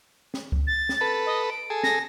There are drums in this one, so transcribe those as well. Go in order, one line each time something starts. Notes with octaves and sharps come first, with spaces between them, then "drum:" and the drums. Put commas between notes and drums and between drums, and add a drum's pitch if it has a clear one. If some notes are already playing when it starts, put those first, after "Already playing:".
drum: snare
drum: kick C#2
A6
drum: snare
A4 B4
D#5
D7
G#4 A4
A#6, drum: snare